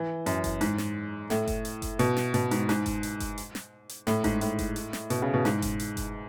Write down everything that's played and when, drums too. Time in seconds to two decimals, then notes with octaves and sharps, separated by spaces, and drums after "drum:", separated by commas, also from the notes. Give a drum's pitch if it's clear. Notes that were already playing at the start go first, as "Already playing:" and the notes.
Already playing: E3
0.26 F#2, drum: hi-hat
0.44 drum: kick F#1, hi-hat
0.61 G#2, drum: hi-hat
0.78 drum: snare
1.30 A2, drum: snare
1.47 drum: kick F#1, hi-hat
1.65 drum: hi-hat
1.82 drum: kick F#1, hi-hat
1.99 B2, drum: hi-hat
2.17 drum: snare
2.34 B2, drum: hi-hat
2.51 G#2, drum: hi-hat
2.69 G#2, drum: snare
2.86 drum: kick F#1, hi-hat
3.03 drum: hi-hat
3.20 drum: kick F#1, hi-hat
3.38 drum: hi-hat
3.55 drum: snare
3.89 drum: hi-hat
4.07 A2, drum: snare
4.24 G#2, drum: kick F#1, hi-hat
4.41 A2, drum: hi-hat
4.59 drum: kick F#1, hi-hat
4.76 drum: hi-hat
4.93 drum: snare
5.10 B2, drum: hi-hat
5.22 C#3
5.34 B2
5.45 G#2, drum: snare
5.62 drum: kick F#1, hi-hat
5.80 drum: hi-hat
5.97 drum: kick F#1, hi-hat